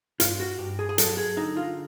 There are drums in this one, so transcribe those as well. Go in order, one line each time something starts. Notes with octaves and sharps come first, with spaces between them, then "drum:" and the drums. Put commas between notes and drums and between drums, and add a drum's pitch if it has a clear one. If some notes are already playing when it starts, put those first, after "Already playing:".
G2 F4, drum: hi-hat
F#4
G2 G4
G#4
G#4
F#3 A4, drum: hi-hat
G#4
D3 D#4
F4